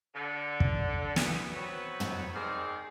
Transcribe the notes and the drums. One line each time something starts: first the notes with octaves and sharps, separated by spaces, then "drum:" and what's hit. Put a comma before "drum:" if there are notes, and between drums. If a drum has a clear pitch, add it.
D3
drum: kick
G2 E3 A3 B3, drum: snare
F#3 B3 C4 B4 C#5
drum: tom
C3 D#3 C4 G#4 D5 F5